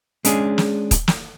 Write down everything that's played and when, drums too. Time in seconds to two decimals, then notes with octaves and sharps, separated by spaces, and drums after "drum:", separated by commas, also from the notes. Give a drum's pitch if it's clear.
0.25 G#3 C#4 D4 G#4, drum: hi-hat
0.58 drum: snare
0.91 drum: kick D#1, hi-hat
1.08 drum: snare